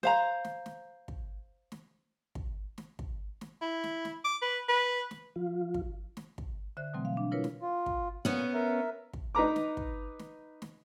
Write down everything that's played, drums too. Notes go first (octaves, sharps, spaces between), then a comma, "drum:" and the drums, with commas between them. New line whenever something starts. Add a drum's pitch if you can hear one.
C5 F5 A#5, drum: snare
drum: snare
drum: snare
drum: kick
drum: snare
drum: kick
drum: snare
drum: kick
drum: snare
E4
drum: snare
drum: snare
D6
B4
B4
drum: snare
F3 F4
drum: kick
drum: snare
drum: kick
D3 C5 E5 F#6
B2 E3 F#3 G3 A3 C4
F5
D4
E4 F4 A#4 B4 C#5
drum: snare
F4
drum: kick
A#2 B3 C#4
A#4 E5
drum: kick
D#4 B4 A#5 D6
drum: snare
drum: kick
drum: snare
drum: snare